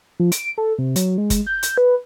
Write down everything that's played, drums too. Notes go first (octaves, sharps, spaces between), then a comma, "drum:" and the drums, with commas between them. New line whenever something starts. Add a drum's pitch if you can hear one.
F3
D7, drum: hi-hat
A4
C3
F#3, drum: hi-hat
G#3
drum: kick, hi-hat
G6
drum: hi-hat
B4